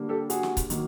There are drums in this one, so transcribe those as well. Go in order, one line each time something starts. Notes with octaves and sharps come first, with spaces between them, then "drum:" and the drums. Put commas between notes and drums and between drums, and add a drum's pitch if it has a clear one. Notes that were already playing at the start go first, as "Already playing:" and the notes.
Already playing: D3 G3 A#3
G4 A4
F#4 G#4, drum: hi-hat
drum: snare
drum: kick C#1, hi-hat
D#3 F#3 A#3, drum: hi-hat